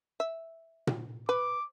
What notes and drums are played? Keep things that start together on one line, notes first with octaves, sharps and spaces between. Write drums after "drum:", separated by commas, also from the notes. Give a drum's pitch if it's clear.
E5
drum: tom A#2
B4 D6